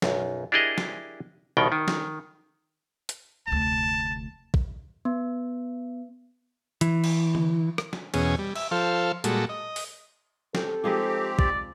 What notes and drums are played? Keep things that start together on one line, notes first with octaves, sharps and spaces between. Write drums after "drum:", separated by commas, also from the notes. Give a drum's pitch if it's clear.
B1 F#2, drum: snare
D4 E4 G4 G#4 A#4 D#5
drum: snare
C2 B2 D#3 G5
D#3
drum: snare
drum: hi-hat
F1 D2 A5
drum: kick
B3
E3, drum: hi-hat
drum: cymbal
drum: tom D3
drum: rim click
drum: snare
E2 B2 C#4 G#4, drum: cymbal
G3
E5, drum: cymbal
F3 A4 C5 F5
A#2 G3 G#3 F#4 A4, drum: hi-hat
D#5
drum: open hi-hat
C4 G4 A4, drum: snare
F3 G#3 C4 D#4 G4
D5, drum: kick